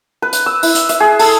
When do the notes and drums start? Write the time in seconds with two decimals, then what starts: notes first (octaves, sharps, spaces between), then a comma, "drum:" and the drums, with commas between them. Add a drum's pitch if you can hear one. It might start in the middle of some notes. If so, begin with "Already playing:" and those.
0.22 B4
0.33 drum: hi-hat
0.46 E6
0.63 E4, drum: open hi-hat
0.75 drum: hi-hat
0.89 E5, drum: hi-hat
1.00 G#4
1.19 A4, drum: open hi-hat